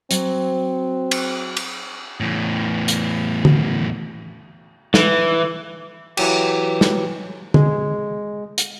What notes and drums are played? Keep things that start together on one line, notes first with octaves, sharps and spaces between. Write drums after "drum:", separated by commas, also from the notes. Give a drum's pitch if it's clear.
F#3 C4, drum: hi-hat
drum: cymbal
drum: cymbal
E2 A2
drum: hi-hat
drum: tom
E3, drum: snare
E3 F#3 G4, drum: cymbal
drum: snare
G#3, drum: tom
drum: hi-hat